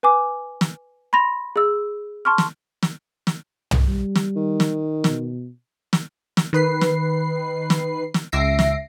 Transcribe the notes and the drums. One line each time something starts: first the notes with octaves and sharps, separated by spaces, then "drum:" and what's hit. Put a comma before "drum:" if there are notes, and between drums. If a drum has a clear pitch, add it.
B4 G#5 D6
drum: snare
B5 C6 A#6 F7
G#4 E6
A5 C6 C#6 F6
drum: snare
drum: snare
drum: snare
drum: tom
G3
drum: snare
D#3
drum: snare
B2, drum: snare
drum: snare
drum: snare
D#3 B4 C7
drum: snare
drum: snare
drum: snare
C#2 E5 A#6 C7 D7
drum: snare